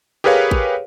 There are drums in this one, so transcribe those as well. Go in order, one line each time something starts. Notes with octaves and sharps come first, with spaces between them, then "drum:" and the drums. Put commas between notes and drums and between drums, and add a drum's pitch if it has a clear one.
G4 G#4 A#4 B4 C#5 F5
drum: kick A1